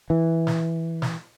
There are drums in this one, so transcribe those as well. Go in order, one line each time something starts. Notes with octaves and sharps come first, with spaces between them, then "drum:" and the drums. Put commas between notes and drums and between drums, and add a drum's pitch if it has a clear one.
E3
drum: snare
drum: snare